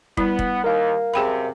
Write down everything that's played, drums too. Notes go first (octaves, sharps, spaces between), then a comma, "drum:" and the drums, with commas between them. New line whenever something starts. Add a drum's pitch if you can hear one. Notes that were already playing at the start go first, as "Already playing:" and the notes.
G3 B3 E4, drum: kick
drum: kick
D#2 A#4 F5
F#2 C3 G#4 G5 B5